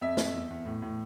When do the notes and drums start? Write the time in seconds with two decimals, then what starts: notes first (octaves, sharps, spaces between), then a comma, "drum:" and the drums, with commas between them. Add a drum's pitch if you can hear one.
0.01 F2 E5
0.17 F2, drum: snare
0.34 E2
0.50 E2
0.66 A2
0.82 A2